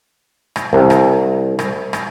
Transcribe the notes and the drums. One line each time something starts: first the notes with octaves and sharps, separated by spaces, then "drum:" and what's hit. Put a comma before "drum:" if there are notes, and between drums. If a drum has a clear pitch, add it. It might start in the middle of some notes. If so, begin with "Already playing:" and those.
drum: rim click
C2
drum: rim click
drum: rim click
drum: rim click